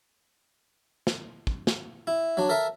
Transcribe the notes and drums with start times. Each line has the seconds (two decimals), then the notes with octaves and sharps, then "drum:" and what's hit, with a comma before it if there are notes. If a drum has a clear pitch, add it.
1.07 drum: snare
1.47 drum: kick
1.67 drum: snare
2.07 E4
2.37 F#3 D4
2.49 A4 A#4 E5